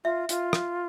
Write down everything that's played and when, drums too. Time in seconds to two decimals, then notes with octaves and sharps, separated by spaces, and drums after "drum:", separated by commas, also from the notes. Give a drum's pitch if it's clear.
0.04 F4 E5
0.29 F4, drum: hi-hat
0.53 drum: rim click